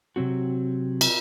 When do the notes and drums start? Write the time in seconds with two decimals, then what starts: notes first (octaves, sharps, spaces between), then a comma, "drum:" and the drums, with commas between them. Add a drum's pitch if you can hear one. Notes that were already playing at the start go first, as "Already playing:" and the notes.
0.16 C3 F#3 C4 F#4
1.01 drum: cymbal